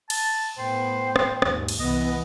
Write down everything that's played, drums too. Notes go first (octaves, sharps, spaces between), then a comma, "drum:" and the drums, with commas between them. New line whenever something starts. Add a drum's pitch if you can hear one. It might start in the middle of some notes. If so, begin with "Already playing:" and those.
A5, drum: cymbal
A2 B3 C5 G5
drum: rim click
D#2 G#2, drum: rim click
drum: cymbal
C2 E3 B3 D#5